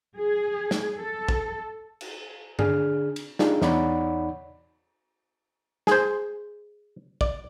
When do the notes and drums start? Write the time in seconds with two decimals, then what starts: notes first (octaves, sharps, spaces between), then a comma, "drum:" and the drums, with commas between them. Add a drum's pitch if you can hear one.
0.16 G#4
0.71 drum: snare
0.98 A4
1.28 drum: kick
2.01 drum: cymbal
2.59 D3 D4 G#4 F6, drum: tom G2
3.16 drum: cymbal
3.39 D4 D#4 F4 G4 G#4, drum: snare
3.62 E2 D#4 C#5 D5 F#5 B5, drum: snare
5.87 G#4 C5, drum: snare
7.21 D5, drum: kick